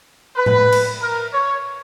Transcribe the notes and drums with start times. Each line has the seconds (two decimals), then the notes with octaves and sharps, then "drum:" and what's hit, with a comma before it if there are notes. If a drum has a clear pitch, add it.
0.36 B4
0.46 drum: tom A2
0.72 drum: cymbal
1.01 A#4
1.33 C#5